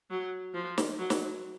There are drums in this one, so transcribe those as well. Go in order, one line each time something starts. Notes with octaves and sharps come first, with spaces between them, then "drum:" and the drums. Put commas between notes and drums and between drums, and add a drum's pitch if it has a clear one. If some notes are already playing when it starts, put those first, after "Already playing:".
F#3
F3
drum: snare
F#3
drum: snare